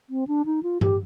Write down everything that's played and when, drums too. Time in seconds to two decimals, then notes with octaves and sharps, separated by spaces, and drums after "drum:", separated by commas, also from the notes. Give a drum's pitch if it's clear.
0.10 C4
0.27 D4
0.46 D#4
0.63 F4
0.81 G4, drum: tom G2